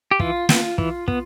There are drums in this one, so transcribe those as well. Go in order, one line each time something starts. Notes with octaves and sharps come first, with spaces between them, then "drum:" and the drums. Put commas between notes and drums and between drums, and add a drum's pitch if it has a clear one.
G4
E3 F4, drum: kick
B3, drum: snare
E3, drum: kick
B3, drum: kick